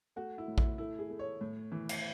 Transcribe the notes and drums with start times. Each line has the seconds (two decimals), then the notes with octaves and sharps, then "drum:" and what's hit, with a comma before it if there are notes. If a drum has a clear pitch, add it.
0.16 A3 F#4
0.38 E4
0.48 A2
0.58 E4, drum: kick A#1
0.78 A3 E4
0.99 G#4
1.10 A3
1.19 C#5
1.41 A2
1.72 E3
1.89 drum: cymbal